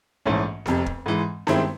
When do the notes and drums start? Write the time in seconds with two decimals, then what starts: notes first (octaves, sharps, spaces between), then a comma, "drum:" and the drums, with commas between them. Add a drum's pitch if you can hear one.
0.25 A#1 G#2 E3 A3 C#4
0.66 F1 F2 C3, drum: snare B3
0.86 drum: kick
1.06 G#2 E3 G#3
1.47 G2 D#3 G#3 C4 E4, drum: snare B3